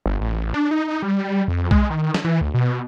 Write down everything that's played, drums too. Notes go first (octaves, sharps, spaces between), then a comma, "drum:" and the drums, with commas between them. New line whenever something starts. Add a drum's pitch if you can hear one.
G1
A1
D4
D#4
G3
F2
G#3, drum: kick B1
D#3
drum: snare
E3
D2
B2